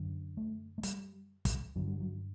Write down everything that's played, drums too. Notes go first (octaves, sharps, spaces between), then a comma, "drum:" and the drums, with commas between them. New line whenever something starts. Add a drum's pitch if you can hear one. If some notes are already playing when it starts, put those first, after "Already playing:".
Already playing: F#2 D3
A3
A3
G3, drum: hi-hat
drum: kick, hi-hat
G2 D3 F#3
G3
F#3